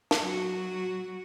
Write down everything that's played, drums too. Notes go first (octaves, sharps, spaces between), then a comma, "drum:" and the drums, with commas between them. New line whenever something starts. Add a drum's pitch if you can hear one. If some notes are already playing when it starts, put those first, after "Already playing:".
drum: snare
F#3 F#4